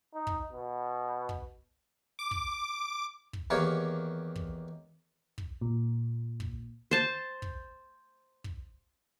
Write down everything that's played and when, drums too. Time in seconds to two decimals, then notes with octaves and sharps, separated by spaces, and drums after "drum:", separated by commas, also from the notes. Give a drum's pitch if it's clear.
0.13 D#4
0.27 drum: kick
0.53 B2
1.29 drum: kick
2.19 D6
2.31 drum: kick
3.33 drum: kick
3.50 E2 D#3 A#3 G4 C#5
4.36 drum: kick
5.38 drum: kick
5.61 A#2
6.40 drum: kick
6.91 C5 A5
7.42 drum: kick
8.44 drum: kick